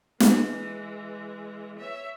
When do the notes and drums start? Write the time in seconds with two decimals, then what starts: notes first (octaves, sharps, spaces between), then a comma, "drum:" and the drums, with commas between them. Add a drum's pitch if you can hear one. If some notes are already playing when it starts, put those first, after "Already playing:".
0.20 E3 G#3, drum: snare
1.78 C#5 E5